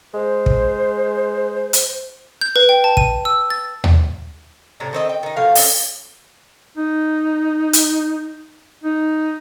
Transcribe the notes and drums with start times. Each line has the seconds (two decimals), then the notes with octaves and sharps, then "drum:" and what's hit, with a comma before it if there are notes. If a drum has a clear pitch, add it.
0.14 G#3 C5
0.46 drum: kick
1.73 drum: hi-hat
2.41 G6
2.56 B4
2.69 G5
2.84 A5
2.97 D#7, drum: kick
3.25 E6
3.50 A6
3.84 drum: tom D#2
4.80 A2 C3 D4 A#5
4.93 D#3 C4 D#5
5.09 G5
5.23 D#3 D#4
5.36 B2 F3 A3 F5
5.55 C#4 F5, drum: open hi-hat
6.77 D#4
7.73 drum: hi-hat
8.84 D#4